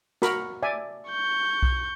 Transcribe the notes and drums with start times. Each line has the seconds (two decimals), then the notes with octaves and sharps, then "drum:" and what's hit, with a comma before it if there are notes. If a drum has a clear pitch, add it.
0.22 F#4 A#4 B5, drum: snare
0.62 D5 E5 G#5
1.10 C#6 G6
1.63 drum: kick B1